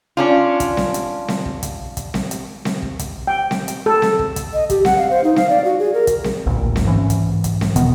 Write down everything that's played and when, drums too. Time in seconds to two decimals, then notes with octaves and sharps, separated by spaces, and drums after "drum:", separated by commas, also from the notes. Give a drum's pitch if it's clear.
0.17 C#4 D4 F4
0.60 drum: kick, hi-hat
0.77 drum: snare C4
0.94 drum: hi-hat
1.28 drum: snare C4
1.46 drum: kick
1.63 drum: kick, hi-hat
1.97 drum: kick, hi-hat
2.14 drum: snare C4
2.31 drum: hi-hat
2.65 drum: snare C4
2.82 drum: kick
2.99 drum: kick, hi-hat
3.27 G5
3.51 drum: snare C4
3.68 drum: hi-hat
3.86 A4
4.02 drum: snare C4
4.19 drum: kick
4.36 drum: kick, hi-hat
4.53 D#5
4.70 G4, drum: kick, hi-hat
4.85 F#5, drum: snare C4
4.98 F5
5.11 C5
5.24 D#4
5.36 F5, drum: snare C4
5.50 D5
5.65 F#4
5.79 G#4
5.94 A#4
6.07 drum: kick, hi-hat
6.24 drum: snare C4
6.47 A1 D2 A#2
6.76 drum: snare C4
6.85 G#2 E3 C#4
7.10 drum: kick, hi-hat
7.44 drum: kick, hi-hat
7.61 drum: snare C4
7.76 E1 B2 D#3 B3, drum: hi-hat